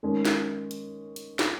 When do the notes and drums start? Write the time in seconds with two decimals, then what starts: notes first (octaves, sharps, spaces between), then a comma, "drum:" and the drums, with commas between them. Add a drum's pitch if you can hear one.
0.03 D#3 G#3 C#4
0.25 drum: snare
0.71 drum: hi-hat
1.16 drum: hi-hat
1.39 drum: snare